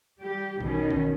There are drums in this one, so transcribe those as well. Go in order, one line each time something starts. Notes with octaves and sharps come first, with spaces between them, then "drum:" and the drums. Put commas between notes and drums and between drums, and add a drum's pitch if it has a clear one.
G3 G4
B2 D#3 C#4, drum: kick A#1
drum: kick A#1